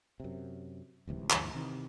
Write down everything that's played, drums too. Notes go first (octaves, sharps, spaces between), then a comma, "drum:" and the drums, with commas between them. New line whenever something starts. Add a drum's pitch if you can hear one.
F#2 C3
D1 C#2 C3 E3
D2 G2 E3 F3, drum: clap
C3 D#3 E3